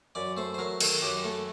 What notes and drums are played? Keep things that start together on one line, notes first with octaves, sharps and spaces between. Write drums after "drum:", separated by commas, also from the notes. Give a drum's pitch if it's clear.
F#2 D5
A3 C5
C5
F#3 A#4
D#3 A4, drum: cymbal
F#2 G4
A3 A4